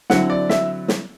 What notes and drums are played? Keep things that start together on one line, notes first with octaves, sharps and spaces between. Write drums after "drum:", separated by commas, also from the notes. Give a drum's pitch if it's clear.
D3 F#3 C4 E4 F#5, drum: snare
D5
E5, drum: snare
drum: snare